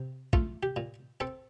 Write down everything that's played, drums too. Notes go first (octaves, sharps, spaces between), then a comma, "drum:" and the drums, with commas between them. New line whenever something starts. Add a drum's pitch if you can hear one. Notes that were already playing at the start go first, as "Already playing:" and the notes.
Already playing: C3
A3 F4, drum: kick A#1
G4
A#2
C4 A4